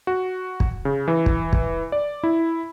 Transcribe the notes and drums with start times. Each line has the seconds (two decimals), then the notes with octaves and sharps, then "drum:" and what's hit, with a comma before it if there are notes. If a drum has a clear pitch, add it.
0.07 F#4
0.60 drum: kick
0.85 C#3
1.08 E3
1.26 drum: kick
1.53 drum: kick
1.92 D5
2.23 E4